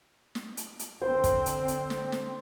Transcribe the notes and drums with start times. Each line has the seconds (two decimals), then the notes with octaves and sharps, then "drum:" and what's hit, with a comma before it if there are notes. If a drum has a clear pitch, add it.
0.35 drum: snare
0.57 drum: hi-hat
0.79 drum: hi-hat
1.02 D3 C4 C5
1.24 drum: kick, hi-hat
1.46 drum: hi-hat
1.68 drum: hi-hat
1.90 drum: snare
2.12 drum: snare